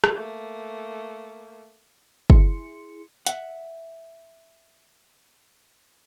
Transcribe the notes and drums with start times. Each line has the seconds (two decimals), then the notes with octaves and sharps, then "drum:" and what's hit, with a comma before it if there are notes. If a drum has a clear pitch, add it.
0.04 drum: rim click
0.15 A3 A#3
2.30 E4 G#4 C6 C#7, drum: kick
3.27 E5 F#5, drum: hi-hat